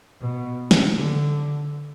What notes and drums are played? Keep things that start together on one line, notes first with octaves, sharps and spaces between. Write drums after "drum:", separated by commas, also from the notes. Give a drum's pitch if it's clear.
B2
drum: snare
D3